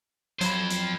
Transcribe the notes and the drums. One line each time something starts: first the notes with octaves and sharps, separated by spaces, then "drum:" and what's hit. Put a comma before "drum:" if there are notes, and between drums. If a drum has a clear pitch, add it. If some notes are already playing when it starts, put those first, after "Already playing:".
F2 F#3 C5 B5 G#6 E7, drum: hi-hat
drum: hi-hat